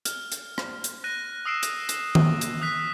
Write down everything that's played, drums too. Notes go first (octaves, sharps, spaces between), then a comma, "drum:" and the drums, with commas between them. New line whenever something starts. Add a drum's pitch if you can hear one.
F6, drum: hi-hat
drum: hi-hat
drum: rim click
drum: hi-hat
F#6 A#6 D#7
D#6 E6 C7 D7 E7
drum: hi-hat
drum: hi-hat
drum: tom D#3
drum: hi-hat
D#6 F#6 B6